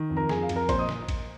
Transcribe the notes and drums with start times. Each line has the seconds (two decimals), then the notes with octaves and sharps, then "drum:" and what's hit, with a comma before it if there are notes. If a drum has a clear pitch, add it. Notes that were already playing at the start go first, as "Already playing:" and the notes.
Already playing: D#3
0.10 F2
0.17 A#4 A#5
0.29 F2 G#4 G#5, drum: snare
0.42 F5
0.49 F2, drum: cymbal
0.56 A#4 A#5
0.69 A#2 C5 C6, drum: kick A1, cymbal
0.79 D#5 D#6
0.89 drum: snare
1.09 drum: kick A1, cymbal